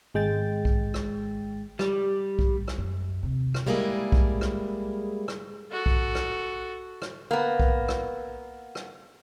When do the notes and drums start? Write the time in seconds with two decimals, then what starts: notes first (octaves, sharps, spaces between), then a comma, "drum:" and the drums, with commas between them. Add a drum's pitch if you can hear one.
0.14 G#1 G#3 G5 A6
0.65 drum: kick B1
0.94 drum: rim click
1.79 G3, drum: rim click
2.39 drum: kick B1
2.68 drum: rim click
2.78 F#2
3.23 D#2 C3
3.54 drum: rim click
3.67 G3 G#3 A#3 E4 G#4
4.12 drum: kick B1
4.41 drum: rim click
5.28 drum: rim click
5.72 F#4 A4
5.86 drum: kick B1
6.15 drum: rim click
7.02 drum: rim click
7.31 A#3 B3
7.60 drum: kick B1
7.88 drum: rim click
8.75 drum: rim click